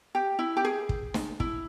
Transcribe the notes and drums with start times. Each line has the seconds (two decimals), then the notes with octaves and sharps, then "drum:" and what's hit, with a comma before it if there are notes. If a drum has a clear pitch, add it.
0.15 G4
0.39 E4
0.57 G4
0.64 G#4
0.89 drum: kick
1.14 drum: snare
1.40 E4, drum: kick